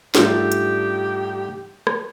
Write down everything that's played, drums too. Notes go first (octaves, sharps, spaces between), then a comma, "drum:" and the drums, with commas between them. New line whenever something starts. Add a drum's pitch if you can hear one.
G#2 F3 G3 A3 D4 G4, drum: snare
drum: hi-hat
drum: rim click